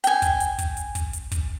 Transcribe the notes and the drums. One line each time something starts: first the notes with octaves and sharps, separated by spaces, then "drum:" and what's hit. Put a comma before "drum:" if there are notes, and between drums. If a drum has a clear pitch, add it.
G5 G#5, drum: hi-hat
drum: kick, hi-hat
drum: hi-hat
drum: kick, hi-hat
drum: hi-hat
drum: kick, hi-hat
drum: hi-hat
drum: kick, hi-hat